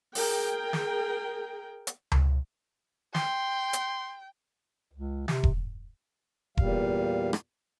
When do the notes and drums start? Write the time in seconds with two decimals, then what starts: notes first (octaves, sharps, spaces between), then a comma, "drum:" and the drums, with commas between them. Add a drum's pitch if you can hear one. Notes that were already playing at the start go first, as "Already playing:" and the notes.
0.15 G#4 A#4 G5, drum: open hi-hat
0.73 drum: snare
1.87 drum: hi-hat
2.12 drum: tom C#2
3.15 G5 C6, drum: snare
3.73 drum: hi-hat
4.93 C#2
5.28 C3, drum: snare
5.44 drum: kick E1
6.57 E2 A#2 G3 F5, drum: kick E1
7.33 drum: rim click